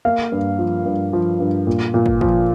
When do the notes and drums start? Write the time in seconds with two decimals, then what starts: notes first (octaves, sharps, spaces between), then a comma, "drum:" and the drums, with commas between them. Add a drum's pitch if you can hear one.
0.05 A#3 F5
0.32 G2
0.59 F3
0.86 G2
1.13 F3
1.40 G2
1.67 A#2
1.94 A#2
2.06 drum: kick
2.21 F3, drum: kick